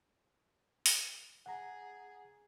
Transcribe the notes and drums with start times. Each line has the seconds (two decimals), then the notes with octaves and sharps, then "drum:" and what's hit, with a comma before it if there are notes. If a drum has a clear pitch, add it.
0.86 drum: open hi-hat
1.46 G#4 F#5 A#5